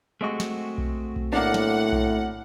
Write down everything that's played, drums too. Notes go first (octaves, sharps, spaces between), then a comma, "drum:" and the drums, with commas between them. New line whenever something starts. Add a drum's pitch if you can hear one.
G#3 A3 C4 F#4 D#5 C#6
drum: snare
drum: kick B1
drum: kick B1
A2 A#3 D4 F#5
drum: snare
drum: kick B1